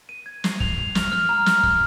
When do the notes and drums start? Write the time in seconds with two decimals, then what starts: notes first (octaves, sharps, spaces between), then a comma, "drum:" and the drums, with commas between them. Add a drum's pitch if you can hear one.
0.09 D#7
0.26 G#6
0.44 C7, drum: snare
0.60 F7, drum: kick
0.78 F7
0.95 F6, drum: snare
1.12 F6
1.29 A#5
1.46 F6, drum: snare
1.63 F6, drum: kick